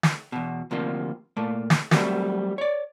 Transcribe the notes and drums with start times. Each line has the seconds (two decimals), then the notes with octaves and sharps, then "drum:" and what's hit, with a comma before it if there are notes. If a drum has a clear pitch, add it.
0.03 drum: snare
0.32 E2 B2
0.71 D2 C3 F3 A#3
1.37 A#2 A3 A#3
1.70 drum: snare
1.91 F#3 G3 A3 C4 F#4 A#4, drum: snare
2.58 C#5 D5